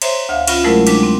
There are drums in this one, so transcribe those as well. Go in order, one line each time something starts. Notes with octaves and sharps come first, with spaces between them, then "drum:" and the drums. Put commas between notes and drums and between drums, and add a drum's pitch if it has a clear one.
C5 C#5 E5 A#5 C6, drum: cymbal
D2 E5 F5
C#4 F4 B5 A#6, drum: cymbal
C3 F#3 G#3 A3 E4 A#4
G3 G#3 D4, drum: cymbal
C4